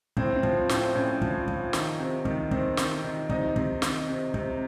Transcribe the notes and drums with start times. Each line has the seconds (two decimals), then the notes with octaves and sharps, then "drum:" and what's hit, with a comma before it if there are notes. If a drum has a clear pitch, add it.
0.17 A2 C4, drum: kick
0.36 C4
0.43 F3, drum: kick
0.69 A2, drum: snare
0.76 C4
0.95 A2 C#4
1.22 F3, drum: kick
1.48 F3, drum: kick
1.73 D#3, drum: snare
2.00 C3
2.25 D#3, drum: kick
2.51 D#3 C4, drum: kick
2.77 D#3, drum: snare
3.04 D#3
3.29 C3 D#4, drum: kick
3.56 C3, drum: kick
3.82 D#3, drum: snare
4.09 C3
4.34 C3, drum: kick